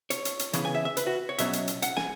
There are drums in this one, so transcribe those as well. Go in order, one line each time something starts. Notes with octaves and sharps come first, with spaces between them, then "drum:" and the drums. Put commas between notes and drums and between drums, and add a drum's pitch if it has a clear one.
C#5, drum: hi-hat
drum: hi-hat
drum: hi-hat
C#3 E3 B3, drum: hi-hat
G#5
E5
E5
B4, drum: hi-hat
F#4
C#5
B2 F#3 C#4 E5, drum: hi-hat
drum: hi-hat
drum: hi-hat
F#5, drum: hi-hat
G#5, drum: snare